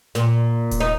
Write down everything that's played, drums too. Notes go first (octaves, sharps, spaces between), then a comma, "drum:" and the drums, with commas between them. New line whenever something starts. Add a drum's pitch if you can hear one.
A#2, drum: snare
drum: kick D#1, hi-hat
D#4